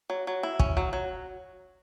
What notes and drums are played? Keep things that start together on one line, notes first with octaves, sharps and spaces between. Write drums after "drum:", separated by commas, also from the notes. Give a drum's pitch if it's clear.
F#3
F#3
E4
C#4, drum: kick
F#3
F#3